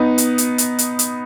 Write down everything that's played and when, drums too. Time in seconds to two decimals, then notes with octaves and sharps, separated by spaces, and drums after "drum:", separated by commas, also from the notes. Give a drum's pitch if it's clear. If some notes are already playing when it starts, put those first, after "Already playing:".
Already playing: B3 D#4
0.18 drum: hi-hat
0.38 drum: hi-hat
0.58 drum: hi-hat
0.79 drum: hi-hat
0.99 drum: hi-hat